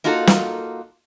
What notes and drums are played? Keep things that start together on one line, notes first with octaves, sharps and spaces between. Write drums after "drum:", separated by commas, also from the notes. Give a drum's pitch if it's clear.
A#3 D#4 F4 F#4 A4
drum: snare